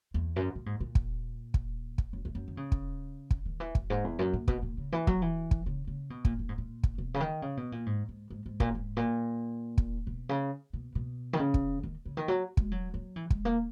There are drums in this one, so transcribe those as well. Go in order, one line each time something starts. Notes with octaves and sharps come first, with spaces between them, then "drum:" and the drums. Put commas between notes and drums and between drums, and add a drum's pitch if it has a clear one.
E2
F#2
A#2
G#2
A#2
drum: kick
drum: kick
drum: kick
F#2
E2
F#2
D#3
C#3
drum: kick
drum: kick
D#3
E3
F#2, drum: kick
G#2
E2
F#2
A#2
B2, drum: kick
A#2
C#3
E3
F#3, drum: kick
E3
drum: kick
C#3
C#3
B2
A#2, drum: kick
A#2
G#2
A#2
drum: kick
B2
C#3
D#3
C#3
B2
A#2
G#2
G#2
G#2
G#2
A#2, drum: kick
G#2
A#2
drum: kick
B2
C#3
B2
B2
D#3
C#3
drum: kick
D#3
C#3
D#3
F#3
G#3, drum: kick
F#3
F#3
E3
G#3, drum: kick
A#3